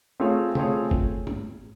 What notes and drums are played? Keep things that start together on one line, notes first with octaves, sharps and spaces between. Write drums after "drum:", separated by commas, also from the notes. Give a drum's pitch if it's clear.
A3 C4 F4 G#4 C#5
A3 C4 F4 G#4 C#5, drum: tom C3
drum: kick
drum: tom